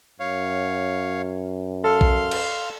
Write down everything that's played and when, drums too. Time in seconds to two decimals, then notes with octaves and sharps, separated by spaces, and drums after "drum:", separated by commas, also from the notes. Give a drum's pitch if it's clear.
0.20 F#2 C#5 F5
1.84 A4 F5 C6 F6
2.01 drum: kick A#1
2.31 drum: cymbal